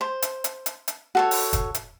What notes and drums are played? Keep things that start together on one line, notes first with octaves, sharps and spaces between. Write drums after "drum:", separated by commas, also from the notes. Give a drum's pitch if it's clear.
C5
drum: hi-hat
drum: hi-hat
drum: hi-hat
drum: hi-hat
F#4 A4 C#5
drum: open hi-hat
drum: kick, hi-hat
drum: hi-hat